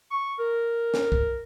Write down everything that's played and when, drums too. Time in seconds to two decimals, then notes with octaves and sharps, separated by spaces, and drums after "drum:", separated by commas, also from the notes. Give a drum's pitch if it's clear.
0.11 C#6
0.39 A#4
0.94 drum: snare
1.12 drum: kick